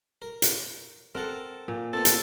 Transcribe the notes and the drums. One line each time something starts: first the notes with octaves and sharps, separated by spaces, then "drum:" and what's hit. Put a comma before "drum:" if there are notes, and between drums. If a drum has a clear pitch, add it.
A#4
drum: hi-hat
C4 A4 A#4 F#5
A#2
B3 C4 A4
drum: hi-hat